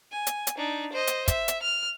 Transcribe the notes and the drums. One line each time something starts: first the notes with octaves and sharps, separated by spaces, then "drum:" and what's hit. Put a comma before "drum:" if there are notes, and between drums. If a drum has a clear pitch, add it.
G#5
drum: hi-hat
drum: hi-hat
D4 D#4
C5 D#5
drum: hi-hat
E5, drum: kick, hi-hat
drum: hi-hat
F6